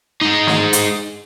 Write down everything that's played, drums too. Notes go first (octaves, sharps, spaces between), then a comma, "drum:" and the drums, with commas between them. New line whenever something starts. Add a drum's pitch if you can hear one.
G#3 D#4
drum: snare
drum: hi-hat